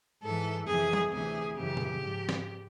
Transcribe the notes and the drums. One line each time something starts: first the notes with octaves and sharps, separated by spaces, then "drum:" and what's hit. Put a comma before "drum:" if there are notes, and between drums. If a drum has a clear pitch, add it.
G#2 E3 A4
F2 C3 E3 G#4
drum: tom F#3
D2 C3 E3 G#4
F#2 C#3 E3 G4
drum: tom A#2
G#2 F3
drum: snare